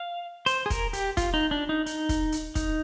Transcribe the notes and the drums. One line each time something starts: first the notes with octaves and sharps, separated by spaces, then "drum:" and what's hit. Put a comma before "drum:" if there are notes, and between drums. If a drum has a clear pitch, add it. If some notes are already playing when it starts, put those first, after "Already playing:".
Already playing: F5
C5, drum: hi-hat
G#4
A#4, drum: kick, hi-hat
G4, drum: hi-hat
F4, drum: kick, hi-hat
D#4
D4
D#4
D#4, drum: hi-hat
drum: kick, hi-hat
drum: hi-hat
D#4, drum: kick, hi-hat